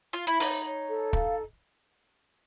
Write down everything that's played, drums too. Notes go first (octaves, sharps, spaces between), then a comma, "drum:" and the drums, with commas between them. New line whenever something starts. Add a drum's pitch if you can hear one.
F4
E4
D#4 C#5, drum: open hi-hat
C#5
A4
F5, drum: kick